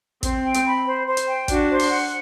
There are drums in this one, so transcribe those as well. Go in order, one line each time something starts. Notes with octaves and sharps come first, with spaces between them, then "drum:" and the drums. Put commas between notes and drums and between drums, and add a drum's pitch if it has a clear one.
C4 C5, drum: kick, hi-hat
G5
drum: hi-hat
B5
C5
C5
drum: hi-hat
G5
D4 F#4, drum: kick, hi-hat
C5
drum: open hi-hat
F#5